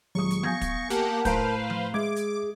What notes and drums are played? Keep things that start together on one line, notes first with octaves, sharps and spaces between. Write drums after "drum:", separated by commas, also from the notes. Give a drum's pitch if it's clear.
D#1 F#3 G#3 C#6 D#6
drum: hi-hat
B3 F5 G#5 G6 G#6 A#6, drum: tom F3
drum: kick, hi-hat
A#3 G4 A#4 F#5 A5, drum: hi-hat
A2 B4 C5 F5 A#5 G6 D7, drum: kick, hi-hat
drum: tom F3
G#3 G#4 E5 D6 G#6
drum: hi-hat